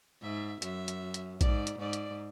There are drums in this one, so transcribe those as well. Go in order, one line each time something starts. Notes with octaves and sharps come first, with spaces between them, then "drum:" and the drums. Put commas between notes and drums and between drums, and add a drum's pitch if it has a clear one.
G#2 E5
F#2 E5, drum: hi-hat
drum: hi-hat
drum: hi-hat
G#2 D5, drum: kick A#1, hi-hat
drum: hi-hat
G#2 D5
drum: hi-hat